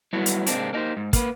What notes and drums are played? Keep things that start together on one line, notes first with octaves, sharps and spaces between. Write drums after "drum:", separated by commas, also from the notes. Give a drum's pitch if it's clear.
F#3 G3 A3 B3 E4 F#4
drum: hi-hat
G#2 C3 G#3 A#3 C4 D4, drum: hi-hat
A#3 D4 D#4 F#4 G4 C5
G#2
A#3 B4, drum: kick, hi-hat